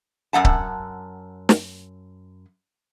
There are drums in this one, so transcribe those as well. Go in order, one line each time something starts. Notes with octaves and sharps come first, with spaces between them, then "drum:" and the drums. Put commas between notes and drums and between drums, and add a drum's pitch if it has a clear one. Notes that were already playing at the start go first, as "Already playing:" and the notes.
F#2 C4 F#5 A5
drum: kick C#1
drum: snare